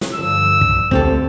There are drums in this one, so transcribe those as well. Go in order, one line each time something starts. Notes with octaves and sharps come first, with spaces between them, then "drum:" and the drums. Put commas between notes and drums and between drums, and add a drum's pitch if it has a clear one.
drum: snare
G2 D3 F3 E6
drum: kick
D2 C4 G4 A4, drum: kick